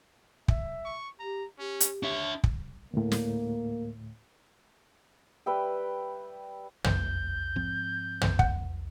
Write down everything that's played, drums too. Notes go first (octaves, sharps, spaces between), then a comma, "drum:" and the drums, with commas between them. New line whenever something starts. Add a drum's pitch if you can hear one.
E5, drum: kick
C#6
G4 A#5
C#4 G4
drum: hi-hat
D4 C#5 E5
drum: kick
D2 A2 A#3
drum: snare
G3 B4 E5 G5
F#1 G6, drum: tom
G#2 F3 C4
drum: tom
F#5, drum: kick